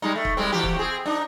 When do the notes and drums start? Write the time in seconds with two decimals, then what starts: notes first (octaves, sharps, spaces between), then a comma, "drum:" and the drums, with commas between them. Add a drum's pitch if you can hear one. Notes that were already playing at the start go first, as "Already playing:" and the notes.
0.02 G3 G#3 D#4
0.16 A3
0.25 drum: kick
0.37 G3 G#3 C4
0.52 E3 F#4 G4
0.63 drum: kick
0.76 C4 G#4
1.06 D4 D#4